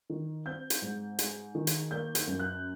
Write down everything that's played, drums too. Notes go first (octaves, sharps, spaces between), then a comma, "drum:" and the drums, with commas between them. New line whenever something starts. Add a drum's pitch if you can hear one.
D#3
C4 G6
drum: hi-hat
G#2
G#3, drum: hi-hat
D#3
drum: hi-hat
A#3 G6
G6, drum: hi-hat
F#2
F#6